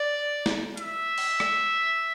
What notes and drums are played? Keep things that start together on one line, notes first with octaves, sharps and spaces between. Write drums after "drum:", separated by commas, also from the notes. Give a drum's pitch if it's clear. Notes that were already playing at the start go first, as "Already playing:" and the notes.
Already playing: D5
drum: snare
E5, drum: hi-hat
drum: cymbal
drum: rim click